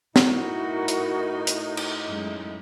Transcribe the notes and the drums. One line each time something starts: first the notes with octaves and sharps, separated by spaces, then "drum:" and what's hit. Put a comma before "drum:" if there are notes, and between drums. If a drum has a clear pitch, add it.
A2 D#4 E4 F#4 A#4, drum: snare
drum: hi-hat
drum: hi-hat
drum: cymbal
F#2 G#3